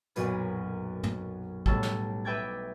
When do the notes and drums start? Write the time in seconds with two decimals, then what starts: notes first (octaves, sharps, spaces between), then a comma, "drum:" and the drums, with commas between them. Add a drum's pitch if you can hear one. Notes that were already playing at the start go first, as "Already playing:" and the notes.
0.16 B1 F#2 A#2 B4 A#6, drum: hi-hat
1.03 drum: tom
1.66 B1 A2 G3 A5 E6, drum: kick
1.83 drum: snare
2.25 B4 E5 G5 D6 G#6 A6